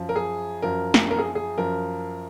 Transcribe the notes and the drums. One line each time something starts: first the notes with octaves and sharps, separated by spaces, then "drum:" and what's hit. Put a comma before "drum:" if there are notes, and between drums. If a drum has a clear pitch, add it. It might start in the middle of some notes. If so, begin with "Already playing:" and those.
Already playing: F#2 F3
A#4
G#4
F#2 F3 A#4
drum: snare
A#4
G#4
G#4
F#2 F3 A#4